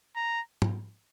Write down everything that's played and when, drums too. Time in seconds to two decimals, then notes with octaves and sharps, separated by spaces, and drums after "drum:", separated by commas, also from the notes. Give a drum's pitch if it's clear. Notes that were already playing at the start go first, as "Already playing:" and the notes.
0.16 A#5
0.62 drum: tom G#2